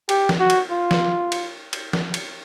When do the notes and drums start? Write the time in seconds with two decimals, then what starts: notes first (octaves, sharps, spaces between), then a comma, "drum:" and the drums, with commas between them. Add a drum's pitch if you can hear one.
0.09 G4, drum: cymbal
0.29 drum: snare
0.40 F#4
0.50 drum: cymbal
0.70 F4
0.91 drum: snare
1.32 drum: cymbal
1.73 drum: cymbal
1.93 drum: snare
2.14 drum: cymbal